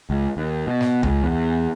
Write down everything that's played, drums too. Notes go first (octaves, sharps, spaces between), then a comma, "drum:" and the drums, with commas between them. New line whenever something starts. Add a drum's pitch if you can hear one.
C#2
D#2
B2
drum: snare
C#2, drum: tom C#2
E2